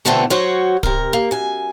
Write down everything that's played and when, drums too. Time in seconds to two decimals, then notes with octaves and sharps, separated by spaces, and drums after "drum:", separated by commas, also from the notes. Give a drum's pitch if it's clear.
0.05 B2 D3 E3 A3 B3 C4
0.30 F#3 F#4 C5 C#5
0.83 C3 A#4, drum: kick D1
1.13 A#3
1.31 F#2 G#5